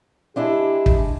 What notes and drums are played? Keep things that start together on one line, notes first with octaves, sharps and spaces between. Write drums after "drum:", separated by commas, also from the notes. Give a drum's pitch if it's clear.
G#3 D4 E4 G4
drum: kick